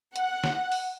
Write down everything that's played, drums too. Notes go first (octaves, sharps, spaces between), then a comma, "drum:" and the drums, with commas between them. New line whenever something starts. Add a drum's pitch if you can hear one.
F#5, drum: hi-hat
drum: snare
drum: open hi-hat